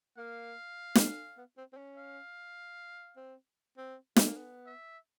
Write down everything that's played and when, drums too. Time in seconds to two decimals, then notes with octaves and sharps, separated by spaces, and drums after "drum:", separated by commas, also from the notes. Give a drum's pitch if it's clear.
0.18 A#3 F5
0.95 drum: snare
1.38 B3
1.57 C4
1.73 C4
1.77 C#4
1.97 F5
3.17 C4
3.77 C4
4.16 A3, drum: snare
4.27 A#3
4.37 B3
4.67 E5